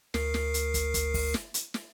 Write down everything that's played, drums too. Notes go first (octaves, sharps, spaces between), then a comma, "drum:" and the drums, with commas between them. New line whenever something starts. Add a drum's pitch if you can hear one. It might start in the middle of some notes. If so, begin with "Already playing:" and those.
D2 A#4 C7, drum: snare
drum: snare
drum: hi-hat
drum: kick, hi-hat
drum: kick, hi-hat
drum: kick, open hi-hat
drum: snare
drum: hi-hat
drum: snare